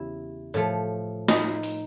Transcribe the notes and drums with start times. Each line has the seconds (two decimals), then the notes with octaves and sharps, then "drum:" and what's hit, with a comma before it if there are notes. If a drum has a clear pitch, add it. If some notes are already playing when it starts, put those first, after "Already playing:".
Already playing: E2 C#3 E4 G4
0.54 A2 F3 A3
1.28 D#4, drum: snare
1.63 drum: open hi-hat